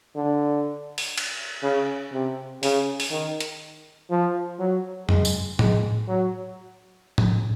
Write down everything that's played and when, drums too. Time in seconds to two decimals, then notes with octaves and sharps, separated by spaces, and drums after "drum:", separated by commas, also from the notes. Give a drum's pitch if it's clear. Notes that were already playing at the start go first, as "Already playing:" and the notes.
0.16 D3
0.98 drum: open hi-hat
1.18 drum: cymbal
1.63 C#3
2.13 C3
2.63 C#3, drum: open hi-hat
3.00 drum: open hi-hat
3.11 D#3
3.41 drum: hi-hat
4.11 F3
4.59 F#3
5.09 G#3, drum: tom F2
5.25 drum: tambourine
5.59 G#3, drum: tom A2
6.08 F#3
7.18 drum: tom A2